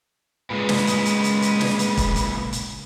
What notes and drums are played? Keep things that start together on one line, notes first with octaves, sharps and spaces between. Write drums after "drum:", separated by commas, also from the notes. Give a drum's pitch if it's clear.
A#2 C#3 G#3 B4
drum: snare
drum: hi-hat
drum: hi-hat
drum: hi-hat
drum: hi-hat
drum: snare
drum: hi-hat
drum: kick, hi-hat
drum: hi-hat
drum: hi-hat